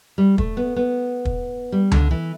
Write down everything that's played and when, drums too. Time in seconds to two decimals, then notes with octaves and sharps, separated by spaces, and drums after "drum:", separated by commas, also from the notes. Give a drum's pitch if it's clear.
0.18 G3
0.38 A3, drum: kick
0.57 B3
0.76 B3
1.25 drum: kick
1.72 G3
1.92 D3, drum: tom C#2
2.11 E3